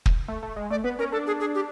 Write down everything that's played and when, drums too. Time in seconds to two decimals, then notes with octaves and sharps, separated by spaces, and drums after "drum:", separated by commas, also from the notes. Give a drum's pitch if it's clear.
0.06 drum: kick
0.28 A3
0.43 A3
0.56 G#3
0.70 A3 D5
0.84 B3 B4
0.99 C#4 A#4
1.12 D4 A4
1.27 G#4
1.40 G#4
1.55 G4